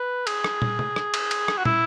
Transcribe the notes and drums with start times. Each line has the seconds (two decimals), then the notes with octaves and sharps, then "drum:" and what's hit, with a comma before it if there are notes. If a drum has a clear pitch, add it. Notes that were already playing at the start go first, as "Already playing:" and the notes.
Already playing: B4
0.27 G#4, drum: cymbal
0.44 drum: rim click
0.62 drum: tom
0.79 drum: tom
0.96 drum: rim click
1.14 drum: cymbal
1.31 drum: cymbal
1.48 drum: rim click
1.57 F#4
1.65 E4, drum: tom